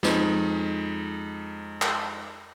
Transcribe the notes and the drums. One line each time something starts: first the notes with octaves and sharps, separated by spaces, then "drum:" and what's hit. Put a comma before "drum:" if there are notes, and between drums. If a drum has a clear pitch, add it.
F2 G#3 D#4, drum: snare
drum: clap